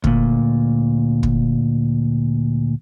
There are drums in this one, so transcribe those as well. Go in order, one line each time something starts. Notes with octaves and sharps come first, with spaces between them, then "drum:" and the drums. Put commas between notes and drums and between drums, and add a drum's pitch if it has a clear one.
D2 A#2, drum: kick
drum: kick